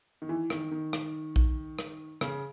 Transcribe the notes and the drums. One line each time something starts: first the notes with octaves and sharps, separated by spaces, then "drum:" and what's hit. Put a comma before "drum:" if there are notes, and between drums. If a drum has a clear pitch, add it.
D#3
E3
D#3, drum: rim click
D#3
drum: rim click
drum: kick A#1
drum: rim click
C#3, drum: rim click